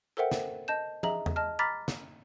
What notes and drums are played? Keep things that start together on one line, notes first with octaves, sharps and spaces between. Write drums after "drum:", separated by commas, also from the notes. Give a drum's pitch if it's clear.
A4 A#4 C5 E5 F#5 G5
drum: snare
D#5 A5 G6 E7
G#4 D#5 E5 A#5 F#7, drum: tom
drum: tom E2
D#5 A5 F6
A#5 B5 D6 F6 A6 B6
drum: snare